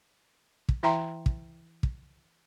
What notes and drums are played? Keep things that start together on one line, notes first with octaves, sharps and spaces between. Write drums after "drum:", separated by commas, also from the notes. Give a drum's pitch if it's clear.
drum: kick
E3 E4 E5 G5 A#5 C6
drum: kick
drum: kick